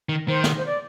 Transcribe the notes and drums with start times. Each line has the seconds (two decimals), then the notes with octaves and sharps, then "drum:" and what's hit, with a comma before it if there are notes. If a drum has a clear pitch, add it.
0.09 D#3
0.28 D#3 C5
0.44 drum: snare
0.57 C5
0.65 D5